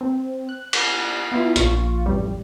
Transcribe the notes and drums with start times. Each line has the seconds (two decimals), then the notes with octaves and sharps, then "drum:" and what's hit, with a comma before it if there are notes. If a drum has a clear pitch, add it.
0.01 C4
0.49 F#6
0.73 drum: cymbal
1.32 B3 E4 F4
1.56 A#1 F4 C#6, drum: hi-hat
2.06 A1 F2 G3